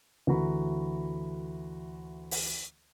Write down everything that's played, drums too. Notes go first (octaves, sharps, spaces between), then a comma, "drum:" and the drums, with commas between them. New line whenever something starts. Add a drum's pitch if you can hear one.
D2 E3 A3 F#4 A#5 B5
drum: open hi-hat